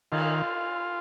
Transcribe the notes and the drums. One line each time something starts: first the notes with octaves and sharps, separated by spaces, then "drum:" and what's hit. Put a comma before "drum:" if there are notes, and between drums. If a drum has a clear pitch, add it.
D#3 F4, drum: cymbal